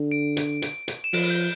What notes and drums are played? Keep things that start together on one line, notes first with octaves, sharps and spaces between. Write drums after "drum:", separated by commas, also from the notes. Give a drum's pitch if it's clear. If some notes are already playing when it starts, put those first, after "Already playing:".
Already playing: D3
D7
drum: hi-hat
drum: hi-hat
drum: hi-hat
E7
F3 D7, drum: open hi-hat
G6